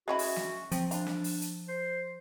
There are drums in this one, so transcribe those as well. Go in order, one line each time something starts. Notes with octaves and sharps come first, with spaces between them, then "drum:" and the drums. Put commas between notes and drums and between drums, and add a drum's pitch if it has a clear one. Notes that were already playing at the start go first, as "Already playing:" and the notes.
G#3 C#4 E4 F#4
drum: open hi-hat
drum: snare
F3 C4, drum: hi-hat
D4 F4, drum: hi-hat
drum: snare
drum: open hi-hat
drum: hi-hat
C5